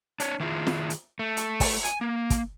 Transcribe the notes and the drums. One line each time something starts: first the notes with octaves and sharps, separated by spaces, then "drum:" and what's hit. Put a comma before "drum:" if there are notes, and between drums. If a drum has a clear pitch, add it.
D4 C#5, drum: hi-hat
D#3 E4 F4 G#4
drum: snare
drum: hi-hat
A3
drum: hi-hat
drum: kick, open hi-hat
G#5, drum: hi-hat
A#3
drum: kick, hi-hat